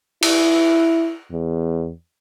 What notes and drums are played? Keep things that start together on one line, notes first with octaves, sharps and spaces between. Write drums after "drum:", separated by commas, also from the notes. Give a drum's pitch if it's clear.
E4, drum: cymbal
E2